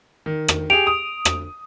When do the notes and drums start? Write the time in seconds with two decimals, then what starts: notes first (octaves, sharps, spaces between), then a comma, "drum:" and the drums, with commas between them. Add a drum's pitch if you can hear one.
0.26 D#3
0.48 drum: rim click
0.70 G4 G#4 D7 F7
0.87 D#6
1.25 drum: rim click